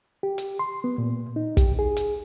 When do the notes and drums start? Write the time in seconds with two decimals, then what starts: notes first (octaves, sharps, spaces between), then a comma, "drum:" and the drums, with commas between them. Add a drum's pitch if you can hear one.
0.23 G4
0.38 drum: hi-hat
0.59 C6
0.84 B3
0.98 A#2
1.36 D#4
1.57 G4, drum: kick, hi-hat
1.79 G#4
1.96 drum: hi-hat